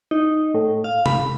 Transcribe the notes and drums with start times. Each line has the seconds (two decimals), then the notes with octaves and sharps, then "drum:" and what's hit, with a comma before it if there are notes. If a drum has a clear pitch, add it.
0.11 D#4
0.54 A2
0.84 F5
1.06 B5, drum: tom C3